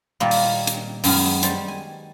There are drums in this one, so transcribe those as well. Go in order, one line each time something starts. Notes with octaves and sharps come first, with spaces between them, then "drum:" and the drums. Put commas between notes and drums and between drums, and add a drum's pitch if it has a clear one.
A#2 D#3 G3 A#3
drum: open hi-hat
drum: hi-hat
F#2 D#3 G#3 B3, drum: open hi-hat
G3 C5 A5, drum: hi-hat
G#5